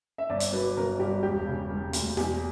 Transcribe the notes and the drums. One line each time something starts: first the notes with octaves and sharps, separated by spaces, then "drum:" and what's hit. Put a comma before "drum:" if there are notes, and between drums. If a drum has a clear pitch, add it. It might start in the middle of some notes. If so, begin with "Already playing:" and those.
E5
G1 D5
drum: hi-hat
F#3 B4
G1 A#4
G2 G4
E1 G4
C#3
E1
D2, drum: hi-hat
E2 G4, drum: snare